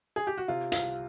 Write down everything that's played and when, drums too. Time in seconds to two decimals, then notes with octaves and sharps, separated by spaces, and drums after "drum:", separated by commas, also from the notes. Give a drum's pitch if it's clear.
0.16 G#4
0.27 G4
0.38 F#4
0.48 C3 F4
0.72 C2 F4, drum: hi-hat